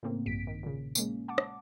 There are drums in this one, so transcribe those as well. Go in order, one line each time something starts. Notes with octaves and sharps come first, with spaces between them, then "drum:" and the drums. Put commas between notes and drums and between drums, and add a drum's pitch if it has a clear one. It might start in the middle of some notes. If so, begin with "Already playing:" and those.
A2 C#3 A#3 C4
A#1 G2 B6 D7
D#3
A#2 C#3
G#3 A#3 C#4, drum: tambourine
F#5 A5 D6
drum: rim click